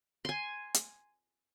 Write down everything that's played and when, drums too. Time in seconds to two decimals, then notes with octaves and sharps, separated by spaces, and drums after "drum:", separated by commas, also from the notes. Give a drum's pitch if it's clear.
0.25 G#5 C6
0.74 drum: hi-hat